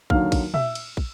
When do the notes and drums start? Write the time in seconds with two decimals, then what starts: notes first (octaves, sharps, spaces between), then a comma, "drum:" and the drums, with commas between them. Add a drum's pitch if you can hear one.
0.10 D#2 D3 F#3 F5 F6, drum: kick
0.32 drum: kick, cymbal
0.54 E5 E6, drum: tom
0.75 drum: cymbal
0.97 drum: kick